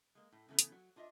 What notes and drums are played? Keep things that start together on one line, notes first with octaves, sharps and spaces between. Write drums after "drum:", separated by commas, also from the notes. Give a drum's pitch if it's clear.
G#3 A#3
A2
C#3 E3 A3 B3 C#4
drum: hi-hat
F#3
D4 F4 D#5 E5